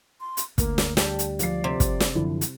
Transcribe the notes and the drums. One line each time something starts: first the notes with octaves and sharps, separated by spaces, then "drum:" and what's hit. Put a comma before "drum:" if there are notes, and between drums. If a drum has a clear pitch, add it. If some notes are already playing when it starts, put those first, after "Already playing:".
C6
drum: hi-hat
D2 A#3, drum: kick, hi-hat
drum: snare
G3 A5, drum: snare
drum: hi-hat
F3 D5 C7, drum: hi-hat
C3
drum: kick, hi-hat
drum: snare
F#2 D3 F3 E4
drum: hi-hat